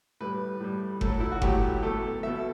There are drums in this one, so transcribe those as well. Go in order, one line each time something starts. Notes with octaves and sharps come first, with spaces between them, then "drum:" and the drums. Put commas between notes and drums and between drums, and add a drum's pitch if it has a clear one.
A2 G3 B4
A2 G3
A2 F#3 A3 A4, drum: kick F#1
E4
F#4
A2 F#3 A3 G4, drum: kick F#1
B2 A3 A4
B2 A3 E5